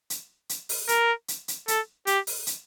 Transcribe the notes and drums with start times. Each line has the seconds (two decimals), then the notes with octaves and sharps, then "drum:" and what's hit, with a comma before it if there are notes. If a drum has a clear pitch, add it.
0.10 drum: hi-hat
0.49 drum: hi-hat
0.69 drum: open hi-hat
0.88 A#4, drum: hi-hat
1.28 drum: hi-hat
1.48 drum: hi-hat
1.68 A4, drum: hi-hat
2.07 G4, drum: hi-hat
2.27 drum: open hi-hat
2.47 drum: hi-hat